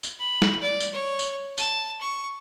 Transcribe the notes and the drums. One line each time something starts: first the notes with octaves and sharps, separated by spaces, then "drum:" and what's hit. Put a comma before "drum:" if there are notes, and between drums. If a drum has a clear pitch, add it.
drum: tambourine
B5
drum: snare
D5
drum: tambourine
C#5
drum: tambourine
A5, drum: tambourine
C#6